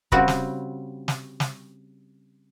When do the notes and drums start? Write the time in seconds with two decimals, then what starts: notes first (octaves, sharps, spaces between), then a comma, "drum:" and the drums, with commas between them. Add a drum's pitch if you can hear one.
0.12 C#3 G3 C4 F#4, drum: kick
0.28 drum: snare
1.08 drum: snare
1.40 drum: snare